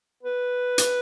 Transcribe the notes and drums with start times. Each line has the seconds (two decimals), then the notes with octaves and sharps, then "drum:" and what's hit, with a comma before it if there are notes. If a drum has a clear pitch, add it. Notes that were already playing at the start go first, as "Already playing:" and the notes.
0.23 B4
0.78 drum: hi-hat